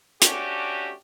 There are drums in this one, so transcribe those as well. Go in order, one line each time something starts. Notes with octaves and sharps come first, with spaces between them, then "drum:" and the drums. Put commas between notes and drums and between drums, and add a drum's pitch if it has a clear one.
A3 C#4 D4 F#4 G4, drum: hi-hat